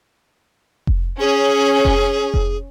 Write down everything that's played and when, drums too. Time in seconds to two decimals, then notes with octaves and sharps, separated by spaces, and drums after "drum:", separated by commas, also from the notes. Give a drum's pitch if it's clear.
0.87 drum: kick F1
1.20 C#4 G#4
1.85 drum: kick F1
2.34 drum: kick F1